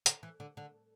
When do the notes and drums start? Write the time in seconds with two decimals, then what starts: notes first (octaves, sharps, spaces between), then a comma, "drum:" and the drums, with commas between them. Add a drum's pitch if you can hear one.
0.06 D3, drum: hi-hat
0.23 E3
0.40 D3
0.57 D3